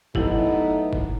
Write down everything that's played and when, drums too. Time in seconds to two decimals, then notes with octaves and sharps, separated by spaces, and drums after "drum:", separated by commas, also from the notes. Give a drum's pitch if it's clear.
0.15 A2 F#3 B3 D#4 E4 G4, drum: kick
0.93 drum: kick